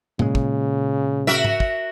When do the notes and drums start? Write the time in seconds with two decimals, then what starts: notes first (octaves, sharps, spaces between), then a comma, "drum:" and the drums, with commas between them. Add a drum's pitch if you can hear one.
0.19 A#2 C#3 G#3, drum: tom
0.35 drum: kick
1.27 F#4 A#4 E5, drum: snare
1.45 drum: tom
1.60 drum: kick